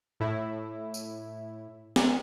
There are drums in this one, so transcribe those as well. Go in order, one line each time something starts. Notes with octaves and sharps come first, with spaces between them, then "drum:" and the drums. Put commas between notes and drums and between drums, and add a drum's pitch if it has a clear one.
A2 E4
drum: tambourine
drum: snare